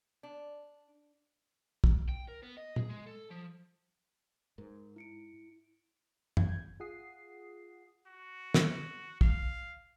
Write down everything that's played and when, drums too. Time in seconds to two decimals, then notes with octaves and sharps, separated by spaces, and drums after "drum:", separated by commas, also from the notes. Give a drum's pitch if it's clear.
0.23 D4
1.84 drum: kick
2.09 G5
2.28 A#4
2.42 B3
2.57 D#5
2.76 G#4, drum: tom
2.89 G#3
3.06 A4
3.30 F3
4.58 G#2 A#4
4.96 E4 C#7 D7
6.37 G1 F#2 G6 G#6, drum: tom F#2
6.80 F4 G#4 F#5 D#6 C7
8.07 F#4
8.54 drum: snare
9.21 F5, drum: kick